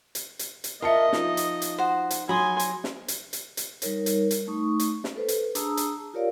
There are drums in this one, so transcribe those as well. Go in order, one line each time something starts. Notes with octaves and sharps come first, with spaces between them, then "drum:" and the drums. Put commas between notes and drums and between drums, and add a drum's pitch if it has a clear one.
drum: hi-hat
drum: hi-hat
drum: hi-hat
F4 A#4 D#5 E5 A5 C#7
F3 D#4, drum: snare
drum: hi-hat
drum: hi-hat
F#4 C5
drum: hi-hat
F#3 G#5 B5 C6 D#6
drum: hi-hat
drum: snare
drum: hi-hat
drum: hi-hat
drum: hi-hat
G3 D#4 A#4 C#5, drum: hi-hat
drum: hi-hat
drum: hi-hat
A3 D#4 C#6 D#6
drum: hi-hat
drum: snare
A4 B4 C5
drum: hi-hat
D4 G#4 A5 A#5 D#6 E6, drum: hi-hat
drum: hi-hat
F4 G4 A#4 C#5 D5 F5